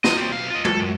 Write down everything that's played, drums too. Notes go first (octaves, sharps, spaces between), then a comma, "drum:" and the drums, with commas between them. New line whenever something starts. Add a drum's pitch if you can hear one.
D#5, drum: snare
G3 C4
B1 F5
F4 D#5
A4, drum: tom G#3
F#2